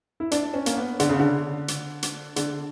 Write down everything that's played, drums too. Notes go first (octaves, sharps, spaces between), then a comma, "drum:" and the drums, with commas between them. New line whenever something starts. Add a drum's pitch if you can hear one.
E4
D4, drum: hi-hat
C#4
A#3, drum: hi-hat
B3
D3, drum: hi-hat
C#3
D3
drum: hi-hat
drum: hi-hat
D3, drum: hi-hat